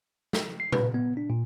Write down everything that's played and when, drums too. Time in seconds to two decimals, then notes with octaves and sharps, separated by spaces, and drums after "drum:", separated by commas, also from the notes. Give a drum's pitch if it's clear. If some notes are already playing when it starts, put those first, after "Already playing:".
0.33 drum: snare
0.60 C7
0.72 B4, drum: tom A#2
0.94 B3
1.17 D4
1.30 A#2